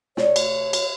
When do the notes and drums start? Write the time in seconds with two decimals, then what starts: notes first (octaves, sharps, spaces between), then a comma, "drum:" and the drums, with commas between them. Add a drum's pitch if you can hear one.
0.17 C3 A3 C#5 D5, drum: snare
0.36 drum: cymbal
0.73 drum: cymbal